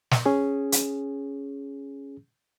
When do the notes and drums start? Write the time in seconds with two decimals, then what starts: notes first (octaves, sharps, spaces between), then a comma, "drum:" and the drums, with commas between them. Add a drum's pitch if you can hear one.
0.11 drum: snare
0.26 C#4 G#4
0.72 drum: hi-hat